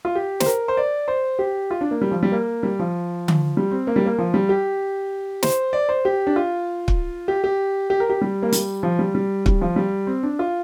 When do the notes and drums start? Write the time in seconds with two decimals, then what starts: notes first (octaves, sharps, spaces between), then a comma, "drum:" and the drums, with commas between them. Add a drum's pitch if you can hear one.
0.05 F4
0.15 G4
0.40 C5, drum: snare
0.46 A#4
0.68 C5
0.77 D5
1.08 C5
1.39 G4
1.71 F4
1.81 D4
1.91 A#3
2.01 G3
2.11 F3
2.23 G3
2.32 A#3
2.63 G3
2.79 F3
3.28 drum: tom D3
3.57 G3
3.71 C4
3.87 A#3
3.96 G3
4.06 A#3
4.18 F3
4.34 G3
4.49 G4
5.43 C5, drum: snare
5.73 D5
5.89 C5
6.05 G4
6.27 D4
6.36 F4
6.88 drum: kick
7.28 G4
7.44 G4
7.90 G4
8.00 A#4
8.10 G4
8.21 G3
8.42 A#3
8.52 G3, drum: hi-hat
8.83 F3
8.99 G3
9.15 G3
9.46 G3, drum: kick
9.61 F3
9.76 G3
10.07 C4
10.23 D4
10.39 F4